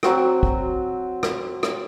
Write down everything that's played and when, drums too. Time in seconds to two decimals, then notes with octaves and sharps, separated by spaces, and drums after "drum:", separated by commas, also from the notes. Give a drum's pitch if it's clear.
0.03 F#3 C4 F#4 G5, drum: rim click
0.43 drum: kick
1.23 drum: rim click
1.63 drum: rim click